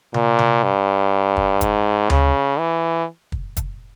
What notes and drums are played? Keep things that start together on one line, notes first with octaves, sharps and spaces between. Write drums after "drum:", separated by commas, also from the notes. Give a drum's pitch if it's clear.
A#2, drum: tom C3
drum: tom C3
G2
drum: kick
G#2, drum: kick, hi-hat
C#3, drum: tom D2
E3
drum: kick
drum: kick, hi-hat